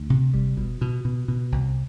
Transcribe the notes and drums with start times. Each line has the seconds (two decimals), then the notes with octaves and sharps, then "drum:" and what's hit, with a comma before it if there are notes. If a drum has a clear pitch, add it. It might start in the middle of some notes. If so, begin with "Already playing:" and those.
Already playing: D2
0.10 C3
0.34 G3, drum: kick F1
0.57 B2, drum: kick F1
0.81 B2
1.05 B2
1.28 B2
1.52 C2